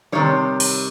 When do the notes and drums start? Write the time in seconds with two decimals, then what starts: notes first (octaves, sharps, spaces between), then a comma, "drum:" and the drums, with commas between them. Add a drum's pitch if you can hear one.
0.12 C3 D#3 G3 C#5
0.60 drum: open hi-hat